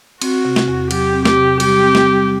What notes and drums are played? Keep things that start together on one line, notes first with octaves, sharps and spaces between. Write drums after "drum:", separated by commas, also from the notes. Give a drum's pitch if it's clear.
C4 F#4, drum: cymbal
C3
drum: snare
E2
F#3 G4, drum: cymbal
C4
G4, drum: snare
C3
G3 G4, drum: cymbal
C4
drum: snare
G3